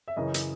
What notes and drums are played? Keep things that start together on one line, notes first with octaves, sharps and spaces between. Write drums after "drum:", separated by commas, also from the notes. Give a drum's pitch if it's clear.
E5
F#2 C#3 E3 D#5
drum: hi-hat